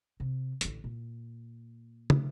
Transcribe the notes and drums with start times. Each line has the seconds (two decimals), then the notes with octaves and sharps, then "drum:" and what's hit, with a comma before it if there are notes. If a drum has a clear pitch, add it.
0.20 C3
0.61 A1 D3, drum: hi-hat
0.84 A#2
2.10 drum: tom